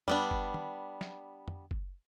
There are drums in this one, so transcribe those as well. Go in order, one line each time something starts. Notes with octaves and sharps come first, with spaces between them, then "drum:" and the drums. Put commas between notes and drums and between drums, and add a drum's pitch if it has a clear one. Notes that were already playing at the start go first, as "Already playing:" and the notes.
G3 B3 D4, drum: tom
drum: kick F#1
drum: tom
drum: snare
drum: tom
drum: kick F#1